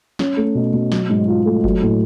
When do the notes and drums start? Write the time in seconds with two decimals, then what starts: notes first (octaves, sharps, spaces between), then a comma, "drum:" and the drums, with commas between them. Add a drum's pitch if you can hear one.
0.19 C#4, drum: snare
0.37 A3
0.55 B2
0.73 B2
0.92 F#3, drum: snare
1.10 G#2
1.28 F4
1.46 A3
1.64 F#3, drum: kick F#1
1.82 A2